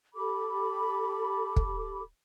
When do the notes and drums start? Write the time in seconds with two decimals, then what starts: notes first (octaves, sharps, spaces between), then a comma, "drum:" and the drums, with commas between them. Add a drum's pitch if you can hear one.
0.14 G4 A4 B5 D6
1.56 drum: kick